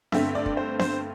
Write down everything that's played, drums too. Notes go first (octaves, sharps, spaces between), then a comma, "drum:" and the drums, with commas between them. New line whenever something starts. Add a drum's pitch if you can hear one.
G2 D3 A3 C4 E5, drum: snare B3
D5
drum: kick
C5
C5, drum: snare B3